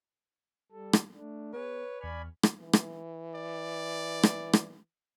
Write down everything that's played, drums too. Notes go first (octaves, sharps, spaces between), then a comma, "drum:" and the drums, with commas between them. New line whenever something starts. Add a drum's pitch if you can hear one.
G3 A4
drum: rim click
A3 D4
B3 G#4 B4 C#5
E2 D5 G#5 B5 C#6 F6
drum: rim click
E3
drum: rim click
D5
drum: rim click
drum: rim click